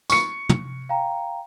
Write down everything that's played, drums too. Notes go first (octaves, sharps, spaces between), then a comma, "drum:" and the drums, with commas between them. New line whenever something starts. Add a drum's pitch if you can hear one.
C#6 C#7, drum: tambourine
drum: tom
F5 G5 A#5